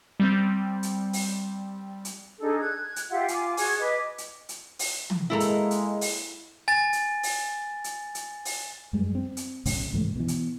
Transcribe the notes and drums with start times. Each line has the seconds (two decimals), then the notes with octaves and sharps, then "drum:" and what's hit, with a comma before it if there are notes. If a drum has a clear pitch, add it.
0.20 G3 C4
0.83 drum: hi-hat
1.13 drum: open hi-hat
2.05 drum: hi-hat
2.39 D4 D#4 G#4 A4
2.60 F#6 G#6
2.96 drum: hi-hat
3.09 F4 G4 E5 F#5
3.28 F4 G#5 D6, drum: hi-hat
3.57 F#4 G#4 G#5 G#6, drum: open hi-hat
3.79 B4 D#5 D6
4.18 drum: hi-hat
4.49 drum: hi-hat
4.79 drum: open hi-hat
5.10 drum: tom
5.30 G#3 A#3 E4 A4 A#5
5.40 drum: hi-hat
5.71 drum: hi-hat
6.01 drum: open hi-hat
6.68 G#5 A6
6.93 drum: hi-hat
7.23 drum: open hi-hat
7.84 drum: hi-hat
8.15 drum: hi-hat
8.45 drum: open hi-hat
8.93 F#2 G3 G#3
9.15 C4
9.37 drum: hi-hat
9.65 B1 A2 C#3, drum: open hi-hat
9.93 C2 G#2 E3 A3
10.16 B2 E3
10.28 drum: hi-hat